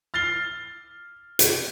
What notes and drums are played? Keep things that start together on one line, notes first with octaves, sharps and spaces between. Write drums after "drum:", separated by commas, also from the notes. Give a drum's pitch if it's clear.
F6 A6 C7 G7
drum: hi-hat